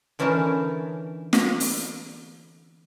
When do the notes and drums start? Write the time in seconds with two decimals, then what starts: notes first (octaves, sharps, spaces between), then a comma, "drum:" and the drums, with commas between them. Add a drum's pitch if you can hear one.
0.19 D3 E3 C#4 D#4 A#4 A5
1.33 drum: snare
1.60 drum: open hi-hat